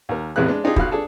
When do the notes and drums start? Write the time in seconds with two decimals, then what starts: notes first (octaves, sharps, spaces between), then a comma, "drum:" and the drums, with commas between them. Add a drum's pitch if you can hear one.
0.09 D#2 A#4
0.36 A1 E2 C3 G#3 B4 F#6
0.48 G#3 D4
0.64 D4 D#4 F4 G4 G#4
0.76 B1 F#3 F5 F#6, drum: kick
0.92 D4 G#4 A4